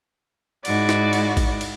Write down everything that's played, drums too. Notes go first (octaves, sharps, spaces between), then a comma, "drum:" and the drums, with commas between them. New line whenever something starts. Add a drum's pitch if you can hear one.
G#2 E4 F#4 D5, drum: cymbal
drum: snare
drum: cymbal
drum: kick A1, cymbal
drum: cymbal